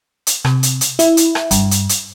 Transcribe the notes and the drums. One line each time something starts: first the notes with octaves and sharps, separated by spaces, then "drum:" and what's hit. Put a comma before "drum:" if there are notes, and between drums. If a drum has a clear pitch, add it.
drum: hi-hat
C3, drum: rim click
drum: hi-hat
drum: hi-hat
E4, drum: hi-hat
drum: hi-hat
drum: rim click
G2, drum: kick, hi-hat
drum: hi-hat
drum: hi-hat